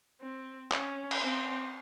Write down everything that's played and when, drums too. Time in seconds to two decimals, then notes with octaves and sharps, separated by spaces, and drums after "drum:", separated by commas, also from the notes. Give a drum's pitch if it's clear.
0.22 C4
0.72 C#4, drum: clap
1.11 drum: cymbal
1.21 C4